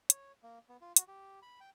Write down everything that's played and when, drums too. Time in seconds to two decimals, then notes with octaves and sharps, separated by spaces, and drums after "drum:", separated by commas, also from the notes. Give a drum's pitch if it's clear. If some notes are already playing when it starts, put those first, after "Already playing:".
0.10 C#5, drum: hi-hat
0.43 A#3
0.69 B3
0.81 F4
0.97 F#4, drum: hi-hat
1.08 G4
1.42 B5
1.60 G5